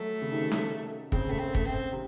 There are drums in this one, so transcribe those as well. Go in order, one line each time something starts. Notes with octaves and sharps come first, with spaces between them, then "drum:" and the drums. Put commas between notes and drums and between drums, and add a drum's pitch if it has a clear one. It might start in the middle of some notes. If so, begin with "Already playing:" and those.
Already playing: F#3 A3
C#3
C3 D#3
drum: snare C#4
C#3 C4, drum: kick
A3
C4
A3, drum: kick
C4
C3